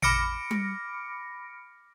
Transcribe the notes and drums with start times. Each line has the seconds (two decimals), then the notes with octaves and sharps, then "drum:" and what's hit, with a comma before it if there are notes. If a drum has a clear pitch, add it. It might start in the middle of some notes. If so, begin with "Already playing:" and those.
0.02 B5 D6 F6 A#6 C#7 D7, drum: tom A1
0.51 drum: tom G3